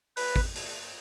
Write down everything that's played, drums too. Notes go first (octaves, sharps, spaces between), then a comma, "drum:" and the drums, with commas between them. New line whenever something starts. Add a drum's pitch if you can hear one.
B4, drum: open hi-hat
drum: kick
drum: open hi-hat